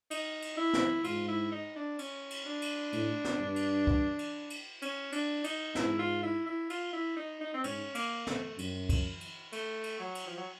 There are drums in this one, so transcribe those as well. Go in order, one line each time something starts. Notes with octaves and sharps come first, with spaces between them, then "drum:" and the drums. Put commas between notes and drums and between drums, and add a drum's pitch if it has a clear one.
D#4, drum: cymbal
drum: cymbal
E4
drum: snare
G#2 F4, drum: cymbal
E4
D#4
D4
C#4, drum: cymbal
drum: cymbal
D4
drum: cymbal
A2, drum: cymbal
drum: snare
G2
drum: cymbal
drum: kick
drum: cymbal
drum: cymbal
C#4, drum: cymbal
D4, drum: cymbal
D#4, drum: cymbal
G#2 E4, drum: snare
F4
E4
E4
F4, drum: cymbal
E4
D#4
D#4
C4
G#2 C#4, drum: cymbal
A#3, drum: cymbal
A3, drum: snare
F#2, drum: cymbal
drum: kick, cymbal
drum: cymbal
A3, drum: cymbal
drum: cymbal
F#3
drum: cymbal
F3
F#3